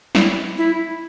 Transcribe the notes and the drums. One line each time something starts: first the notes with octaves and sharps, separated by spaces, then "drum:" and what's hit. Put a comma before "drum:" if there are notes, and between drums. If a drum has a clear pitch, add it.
E4, drum: snare
E4